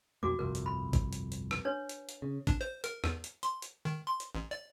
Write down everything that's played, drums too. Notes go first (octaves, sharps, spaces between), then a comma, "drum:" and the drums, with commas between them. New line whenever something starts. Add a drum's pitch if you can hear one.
B1 F2 A#3 F#4 D6
G1 C2 F2 A#4
drum: hi-hat
B5
drum: kick A1, hi-hat
drum: hi-hat
drum: hi-hat
drum: rim click
D4 B4 C#5
drum: hi-hat
drum: hi-hat
C#3
D4, drum: kick A1, hi-hat
C5
A#4, drum: hi-hat
E2, drum: rim click
drum: hi-hat
C6, drum: hi-hat
drum: hi-hat
D#3
C6
drum: hi-hat
A1
D5